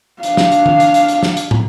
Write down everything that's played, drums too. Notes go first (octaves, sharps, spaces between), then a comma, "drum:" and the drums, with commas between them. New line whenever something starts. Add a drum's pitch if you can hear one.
D4 F5, drum: hi-hat
drum: snare
drum: hi-hat
drum: tom D#3
drum: hi-hat
drum: hi-hat
drum: hi-hat
drum: snare
drum: hi-hat
drum: tom